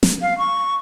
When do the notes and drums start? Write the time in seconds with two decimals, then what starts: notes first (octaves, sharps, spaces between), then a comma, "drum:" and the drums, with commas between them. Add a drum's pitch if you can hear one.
0.03 drum: snare
0.22 F5
0.38 C#6